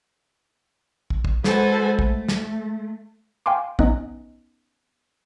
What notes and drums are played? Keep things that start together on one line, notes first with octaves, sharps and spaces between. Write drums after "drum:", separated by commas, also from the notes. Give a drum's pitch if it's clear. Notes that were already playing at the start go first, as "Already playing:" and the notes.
drum: kick
drum: kick
G#3 F#4 A4 B4 C5 G#5, drum: snare
A3, drum: kick
drum: snare
F5 G5 G#5 C6 D6
B3 C#4 D#4 D#5, drum: kick